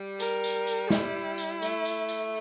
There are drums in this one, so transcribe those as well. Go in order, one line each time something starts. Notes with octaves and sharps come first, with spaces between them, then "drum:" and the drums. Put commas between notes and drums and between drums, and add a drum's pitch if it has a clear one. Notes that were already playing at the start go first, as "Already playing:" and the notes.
Already playing: G3
A#4, drum: tambourine
drum: tambourine
drum: tambourine
E4, drum: snare
drum: tambourine
A3, drum: tambourine
drum: tambourine
drum: tambourine